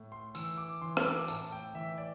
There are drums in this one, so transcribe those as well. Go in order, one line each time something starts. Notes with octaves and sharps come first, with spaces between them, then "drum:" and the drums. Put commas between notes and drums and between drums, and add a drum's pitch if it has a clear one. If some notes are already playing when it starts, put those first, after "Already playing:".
Already playing: A2
C6
E3 E6, drum: tambourine
D6
E3 C6
E6, drum: rim click
D6
A2 A5, drum: tambourine
G5
E3 E5
D5